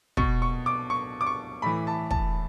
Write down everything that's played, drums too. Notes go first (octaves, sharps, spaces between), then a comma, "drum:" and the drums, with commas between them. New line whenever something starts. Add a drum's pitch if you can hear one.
B2 C#6, drum: kick
C#6
D6
C#6
D6
C#6
A2 E3 B5
A5
A5, drum: kick